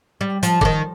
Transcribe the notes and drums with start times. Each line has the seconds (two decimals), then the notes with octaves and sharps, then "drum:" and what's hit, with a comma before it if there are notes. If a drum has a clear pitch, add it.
0.21 G3
0.43 F3, drum: hi-hat
0.61 D3, drum: kick E1
0.65 D#3